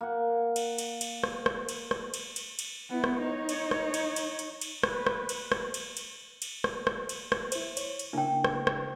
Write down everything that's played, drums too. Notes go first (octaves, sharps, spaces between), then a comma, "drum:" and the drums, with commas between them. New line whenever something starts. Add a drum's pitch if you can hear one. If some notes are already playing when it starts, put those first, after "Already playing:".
A#3 F#5
drum: cymbal
drum: cymbal
drum: cymbal
drum: rim click
drum: rim click
drum: cymbal
drum: rim click
drum: cymbal
drum: cymbal
drum: cymbal
B3 E4
drum: rim click
D#4 C#5
drum: cymbal
drum: rim click
drum: cymbal
drum: cymbal
drum: cymbal
drum: cymbal
B4, drum: rim click
drum: rim click
drum: cymbal
drum: rim click
drum: cymbal
drum: cymbal
drum: cymbal
drum: rim click
drum: rim click
drum: cymbal
drum: rim click
E4 C5, drum: cymbal
C#5, drum: cymbal
drum: cymbal
C#3 A#3 D4 E4 G5
drum: rim click
drum: rim click